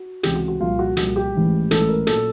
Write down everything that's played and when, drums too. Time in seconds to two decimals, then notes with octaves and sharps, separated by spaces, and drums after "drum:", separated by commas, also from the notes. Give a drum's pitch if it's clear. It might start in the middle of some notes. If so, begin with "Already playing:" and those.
Already playing: F#4
0.23 C#2 C3 E3 G4, drum: hi-hat
0.36 F#4
0.48 F#4
0.60 C2 A#2 F3 F4
0.79 F#4
0.97 C2 A#2 F3 F#4, drum: hi-hat
1.16 G4
1.34 A1 G#2 E3
1.71 A1 G#2 E3 A4, drum: hi-hat
1.89 A#4
2.07 A#2 F#3 A4, drum: hi-hat